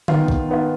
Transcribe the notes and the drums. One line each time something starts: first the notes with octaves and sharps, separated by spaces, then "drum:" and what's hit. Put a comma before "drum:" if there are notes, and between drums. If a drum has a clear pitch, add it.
D#3 B3 F4, drum: tom D3
drum: kick
D#3 B3 F4